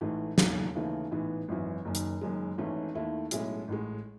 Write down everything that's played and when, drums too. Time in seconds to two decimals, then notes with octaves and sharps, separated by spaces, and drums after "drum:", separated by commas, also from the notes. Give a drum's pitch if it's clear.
0.01 A1 G#2 E3 A3
0.38 E1 D#2 C#3 F#3, drum: snare
0.75 D#2 C#3 E3 A3 D#4
1.11 A1 G#2 E3 B3
1.48 G#1 F#2 E3
1.85 F#1 F#2 D#3
1.95 drum: hi-hat
2.21 F#1 F#2 D#3 G#3
2.58 G#1 G#2 E3 A3 C#4
2.94 D#2 D#3 A3 E4
3.31 B1 A2 G#3 C#4 E4, drum: hi-hat
3.68 A1 A2 G#3